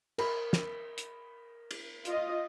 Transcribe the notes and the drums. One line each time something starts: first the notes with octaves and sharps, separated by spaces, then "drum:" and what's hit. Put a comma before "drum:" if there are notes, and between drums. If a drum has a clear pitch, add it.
A#4 B5, drum: cymbal
drum: snare
drum: hi-hat
drum: cymbal
F4 D#5, drum: hi-hat